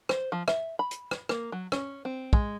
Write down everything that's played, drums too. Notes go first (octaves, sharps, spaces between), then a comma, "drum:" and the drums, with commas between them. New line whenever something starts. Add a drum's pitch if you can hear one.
C5, drum: rim click
F3
E5, drum: rim click
B5
drum: hi-hat
drum: rim click
A#3, drum: rim click
F#3
C#4, drum: rim click
C4
G#3, drum: kick